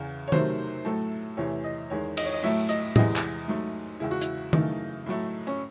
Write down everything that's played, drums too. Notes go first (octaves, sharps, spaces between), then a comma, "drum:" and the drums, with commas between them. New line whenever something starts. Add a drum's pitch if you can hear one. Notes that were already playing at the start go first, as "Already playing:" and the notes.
Already playing: E2 C#3 E3
C#5
C3 D#3 F#3 A3 C5, drum: tom D#3
A2 F#3 A3 A4
E2 C3 E3 A3 C#5
D#5
E2 D#3 G#3 C#5
D#5, drum: cymbal
C#5
D#5
A2 F#3 A3 E5
D#5, drum: hi-hat
E2 C3 E3 G#3 D#5, drum: tom A2
drum: clap
G#2 F#3 A3
E2 C#3 G#3 E4
F#4
E4, drum: hi-hat
F#2 C#3 E3 A3 D#4, drum: tom D#3
A2 F#3 A3
C#4